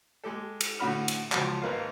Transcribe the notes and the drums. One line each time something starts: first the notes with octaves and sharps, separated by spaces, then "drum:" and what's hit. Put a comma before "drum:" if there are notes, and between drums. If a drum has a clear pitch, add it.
G#3 G4 A4
drum: cymbal
A2 D3 F#4 B5 F6
drum: cymbal
C#2 F3 F#3 A5, drum: clap
G#1 A#3 B4 F5